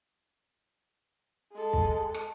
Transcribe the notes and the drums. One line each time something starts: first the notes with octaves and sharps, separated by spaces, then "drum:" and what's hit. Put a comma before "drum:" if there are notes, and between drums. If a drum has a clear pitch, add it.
G#3 A4
drum: kick
drum: rim click